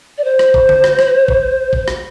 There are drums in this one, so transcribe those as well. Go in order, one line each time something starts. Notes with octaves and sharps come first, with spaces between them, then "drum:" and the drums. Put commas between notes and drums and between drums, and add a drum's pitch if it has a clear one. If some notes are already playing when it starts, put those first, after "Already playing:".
D5
C5
drum: rim click
drum: kick G#1
drum: tom D3
drum: rim click
drum: rim click
drum: kick G#1
drum: kick G#1
drum: rim click